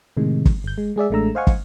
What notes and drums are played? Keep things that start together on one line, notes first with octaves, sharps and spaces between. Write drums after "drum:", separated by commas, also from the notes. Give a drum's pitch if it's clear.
A2 C3 D#3 G#3
drum: kick
G1 G6
G#3
G#3 G#4 D5 E5
A1 G#3 A3 D4 A#5 E6
C5 D#5 F5 F#5 G#5 C#6
drum: kick